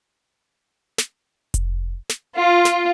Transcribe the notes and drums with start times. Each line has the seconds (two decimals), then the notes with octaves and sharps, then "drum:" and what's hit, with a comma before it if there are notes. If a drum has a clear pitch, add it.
0.98 drum: snare
1.54 drum: kick F1, hi-hat
2.09 drum: snare
2.37 F4
2.65 drum: snare